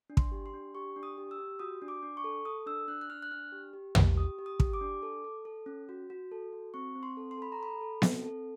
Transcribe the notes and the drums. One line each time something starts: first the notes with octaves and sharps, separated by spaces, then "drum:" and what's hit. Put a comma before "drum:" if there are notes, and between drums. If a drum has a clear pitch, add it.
D4
C6, drum: kick
G4
C6
D4
G4 C#6
D4
D#6
G4
E6
G4
F#4 D#6
D4
D6
D4
C#6
A4
A4 D#6
D4 E6
D4 F#6
F#6
D4 F6
F#6
D4 F6
G4
G4
G4, drum: tom
G4 D#6
G4
D#6
G4, drum: kick
D6
D4
A4
A4
A4
C#4
F#4
F#4
A4
F#4
C4 C#6
C4
C6
A4
C6
A4 B5
A#5
A4 B5
A4
C4, drum: snare B3
A4